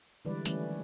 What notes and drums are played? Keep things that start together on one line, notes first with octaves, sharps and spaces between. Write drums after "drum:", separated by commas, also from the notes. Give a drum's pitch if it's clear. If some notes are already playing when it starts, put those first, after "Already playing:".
D3 E3 G3 G#3 B4 D5
D#3 E3 G3 A3 C#4, drum: tambourine